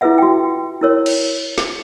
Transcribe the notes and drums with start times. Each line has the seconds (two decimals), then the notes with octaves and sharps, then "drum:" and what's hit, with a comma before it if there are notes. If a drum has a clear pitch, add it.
0.01 E4 F4 G#4 B4 E5 F#5
0.18 F#4 G5
0.81 E4 A#4 C#5
1.06 drum: cymbal
1.58 drum: snare